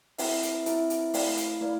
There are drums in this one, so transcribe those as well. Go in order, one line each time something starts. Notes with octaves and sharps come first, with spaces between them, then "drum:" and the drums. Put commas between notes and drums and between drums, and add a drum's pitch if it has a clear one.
C4 E4 B4 E5, drum: open hi-hat
drum: hi-hat
C4 E4 B4 E5, drum: hi-hat
drum: hi-hat
A3 E4 B4 D5 F5, drum: open hi-hat
drum: hi-hat
A3 E4 B4 D5 F5